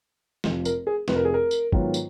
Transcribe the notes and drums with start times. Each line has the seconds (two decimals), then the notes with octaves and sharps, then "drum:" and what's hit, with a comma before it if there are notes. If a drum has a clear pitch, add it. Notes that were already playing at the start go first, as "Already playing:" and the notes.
0.44 F1 F2 F3, drum: snare
0.65 A#4, drum: tambourine
0.87 G#4
1.08 F1 F2 F3 B4, drum: snare
1.16 A#4
1.25 G#4
1.34 A#4
1.51 drum: tambourine
1.72 G#2 D#3 F#3 B3 F4, drum: kick
1.94 drum: tambourine